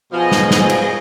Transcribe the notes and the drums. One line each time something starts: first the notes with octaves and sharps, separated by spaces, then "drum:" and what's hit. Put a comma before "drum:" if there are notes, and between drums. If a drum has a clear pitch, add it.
B2 F3 G#4 D#5
drum: snare
drum: snare
drum: cymbal